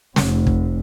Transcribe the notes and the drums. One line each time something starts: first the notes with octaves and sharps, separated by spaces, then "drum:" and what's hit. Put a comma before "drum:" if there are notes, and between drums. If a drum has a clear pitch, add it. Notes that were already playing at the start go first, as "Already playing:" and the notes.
F1 C3, drum: snare
drum: kick